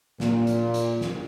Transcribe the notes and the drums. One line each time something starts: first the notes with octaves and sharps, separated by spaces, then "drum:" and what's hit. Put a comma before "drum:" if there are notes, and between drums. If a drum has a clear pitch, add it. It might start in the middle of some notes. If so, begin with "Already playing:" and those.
A#2, drum: snare
drum: hi-hat
drum: hi-hat
drum: snare